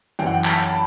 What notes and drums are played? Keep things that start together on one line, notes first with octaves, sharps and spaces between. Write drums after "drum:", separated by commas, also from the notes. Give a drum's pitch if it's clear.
F#2 E3 G5, drum: hi-hat
F#5
G5
A5, drum: clap
A5
B5, drum: hi-hat